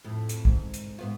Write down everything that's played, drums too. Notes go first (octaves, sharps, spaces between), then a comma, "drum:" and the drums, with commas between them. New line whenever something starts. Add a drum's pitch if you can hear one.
F2 A2
drum: hi-hat
G#2, drum: kick
drum: hi-hat
G#2 B3 F4